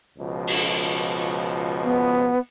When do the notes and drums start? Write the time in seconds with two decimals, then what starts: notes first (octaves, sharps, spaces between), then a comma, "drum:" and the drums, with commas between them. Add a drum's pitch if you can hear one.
0.18 C#2 B2 F3
0.47 drum: open hi-hat
1.83 B3